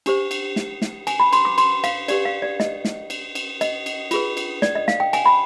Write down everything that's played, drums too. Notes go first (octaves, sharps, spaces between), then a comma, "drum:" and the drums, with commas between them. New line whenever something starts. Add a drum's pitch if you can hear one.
D4 G4 C5, drum: cymbal
drum: cymbal
drum: snare
drum: snare
G#5, drum: cymbal
B5
C6, drum: cymbal
D6
C6, drum: cymbal
F5, drum: cymbal
D4 G4 B4 D5, drum: cymbal
F5
D5
D#5, drum: snare
drum: snare
drum: cymbal
drum: cymbal
D#5, drum: cymbal
drum: cymbal
F4 G#4 B4, drum: cymbal
drum: cymbal
D5, drum: snare
D#5
F5, drum: snare
G5
G#5, drum: cymbal
B5